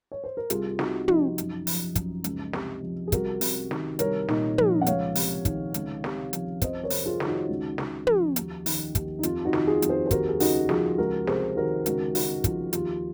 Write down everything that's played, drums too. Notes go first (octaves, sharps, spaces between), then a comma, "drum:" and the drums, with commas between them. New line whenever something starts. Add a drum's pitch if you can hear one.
C#5
C5
A#4
C2 F4 G#4, drum: hi-hat
F4
C3 D#4 F#4, drum: snare
F3 D#4, drum: tom
F#2, drum: hi-hat
F3, drum: open hi-hat
F#2, drum: kick, hi-hat
C#2, drum: hi-hat
C3, drum: snare
F3
G#4
C2 F#4 A#4, drum: kick, hi-hat
C3, drum: open hi-hat
D#3, drum: snare
C2 A#4 C#5, drum: hi-hat
A#2 D#4, drum: snare
F3, drum: tom
F#5
C#2 C#5 F5, drum: hi-hat
C3, drum: open hi-hat
D#3, drum: kick, hi-hat
C#2, drum: hi-hat
C3, drum: snare
F3, drum: hi-hat
F2 C5 D#5, drum: kick, hi-hat
A#4 C#5
C3, drum: open hi-hat
F4 G#4
D#3, drum: snare
D#4 F#4
C#2
C#3, drum: snare
F3, drum: tom
D#2, drum: hi-hat
D#3, drum: open hi-hat
D#2, drum: kick, hi-hat
D#4
F2 F4, drum: hi-hat
D#4 F#4
D#3, drum: snare
F4 G#4
F2, drum: hi-hat
G#4 C5
C5
D#2 F#4 A#4, drum: kick, hi-hat
G#4
C#3 D#4 F#4, drum: open hi-hat
F3 F4 G#4, drum: snare
C#2 F#4 A#4
C3 G#4 C5, drum: snare
D#3 F#4 A#4
C#2 F#4 A#4, drum: hi-hat
C#3 D#4 F#4, drum: open hi-hat
F3 F4, drum: kick, hi-hat
D#2 F4, drum: hi-hat